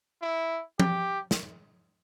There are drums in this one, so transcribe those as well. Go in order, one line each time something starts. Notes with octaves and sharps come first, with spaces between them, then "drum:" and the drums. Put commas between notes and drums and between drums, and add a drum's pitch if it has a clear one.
E4
G4, drum: tom F3
drum: snare